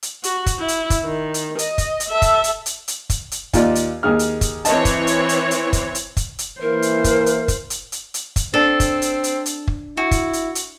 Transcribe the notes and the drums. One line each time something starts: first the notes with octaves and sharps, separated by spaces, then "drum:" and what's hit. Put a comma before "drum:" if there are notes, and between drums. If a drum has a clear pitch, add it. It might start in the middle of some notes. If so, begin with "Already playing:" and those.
drum: hi-hat
F#4, drum: hi-hat
drum: kick, hi-hat
E4
drum: hi-hat
drum: kick, hi-hat
D#3
drum: hi-hat
D#5, drum: hi-hat
drum: kick, hi-hat
drum: hi-hat
A4 E5
drum: kick, hi-hat
drum: hi-hat
drum: hi-hat
drum: hi-hat
drum: kick, hi-hat
drum: hi-hat
D#2 F4 D5, drum: kick, hi-hat
drum: hi-hat
D#2 G#4 F6
drum: hi-hat
drum: kick, hi-hat
E3 C4 C#5 D#5 A5, drum: hi-hat
drum: kick, hi-hat
drum: hi-hat
drum: hi-hat
drum: hi-hat
drum: kick, hi-hat
drum: hi-hat
drum: kick, hi-hat
drum: hi-hat
E3 A#3 E4 A#4 C5
drum: hi-hat
drum: kick, hi-hat
drum: hi-hat
drum: kick, hi-hat
drum: hi-hat
drum: hi-hat
drum: hi-hat
drum: kick, hi-hat
C4 D4 A4
drum: kick, hi-hat
drum: hi-hat
drum: hi-hat
drum: hi-hat
drum: kick
E4 F#4
drum: kick, hi-hat
drum: hi-hat
drum: hi-hat